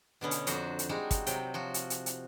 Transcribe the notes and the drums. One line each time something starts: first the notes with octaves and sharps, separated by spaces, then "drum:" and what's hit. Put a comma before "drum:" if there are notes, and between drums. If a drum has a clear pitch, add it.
B2 D3 B3 C#4
drum: hi-hat
F2 D4 F#4 C5 A#5, drum: hi-hat
drum: hi-hat
G3 G#3 D#4 F#4
drum: kick, hi-hat
C3 F#3 G5, drum: hi-hat
F3 F#4
drum: hi-hat
drum: hi-hat
drum: hi-hat